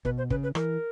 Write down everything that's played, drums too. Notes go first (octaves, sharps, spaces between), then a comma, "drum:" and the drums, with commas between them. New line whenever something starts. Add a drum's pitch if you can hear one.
B2 B4, drum: kick
C5
C#3 B4, drum: kick
B4
E3 A#4, drum: rim click